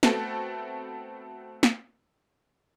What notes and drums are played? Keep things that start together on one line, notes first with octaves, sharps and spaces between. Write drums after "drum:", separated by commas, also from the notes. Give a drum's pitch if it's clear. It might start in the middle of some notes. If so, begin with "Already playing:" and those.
A3 B3 C4 F#4 A4, drum: snare
drum: snare